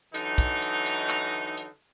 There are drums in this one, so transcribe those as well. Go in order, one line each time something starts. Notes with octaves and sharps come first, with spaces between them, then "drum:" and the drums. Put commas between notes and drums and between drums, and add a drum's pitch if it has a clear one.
D3 E3 F#3 D#4, drum: hi-hat
drum: kick, hi-hat
drum: hi-hat
drum: hi-hat
drum: clap
drum: hi-hat